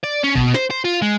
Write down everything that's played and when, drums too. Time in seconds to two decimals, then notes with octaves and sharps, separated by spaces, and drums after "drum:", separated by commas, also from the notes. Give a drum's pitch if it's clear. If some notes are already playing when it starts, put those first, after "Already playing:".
0.04 D5
0.24 C#4
0.35 B2, drum: kick
0.54 C5, drum: snare
0.70 C5
0.84 F4
1.02 G#3